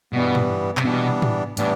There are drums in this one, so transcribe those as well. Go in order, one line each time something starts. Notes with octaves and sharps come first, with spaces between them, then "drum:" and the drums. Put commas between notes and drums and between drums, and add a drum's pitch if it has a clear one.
G2 B2 E3 G3 B3
drum: tom
C3, drum: clap
B2 E3 G3 B3 D4
drum: tom
A2 E3 G3 B3 D4, drum: hi-hat